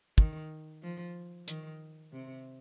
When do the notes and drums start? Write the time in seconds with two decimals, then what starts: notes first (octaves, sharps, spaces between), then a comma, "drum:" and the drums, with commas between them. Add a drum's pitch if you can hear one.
0.18 D#3, drum: kick
0.82 F3
1.48 D#3, drum: hi-hat
2.13 C3